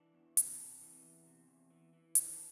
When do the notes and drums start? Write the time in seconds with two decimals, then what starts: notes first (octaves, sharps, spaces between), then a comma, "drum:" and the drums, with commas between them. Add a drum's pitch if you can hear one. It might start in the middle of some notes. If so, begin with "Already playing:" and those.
Already playing: E3 D4
0.14 E2
0.37 C3, drum: hi-hat
0.59 C3
0.82 E3
1.04 E2
1.26 C3
1.48 E2
1.71 E3
1.93 E3
2.15 D#3 D4, drum: hi-hat
2.34 D4